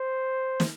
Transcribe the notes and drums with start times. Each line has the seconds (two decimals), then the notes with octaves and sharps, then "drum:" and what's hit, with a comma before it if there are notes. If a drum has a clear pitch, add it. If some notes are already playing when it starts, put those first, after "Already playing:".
Already playing: C5
0.60 drum: snare